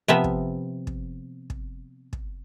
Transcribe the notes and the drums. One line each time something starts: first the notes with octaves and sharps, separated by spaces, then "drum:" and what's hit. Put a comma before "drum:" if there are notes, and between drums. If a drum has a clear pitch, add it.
C3 F3 B3 E5
drum: kick
drum: kick
drum: kick
drum: kick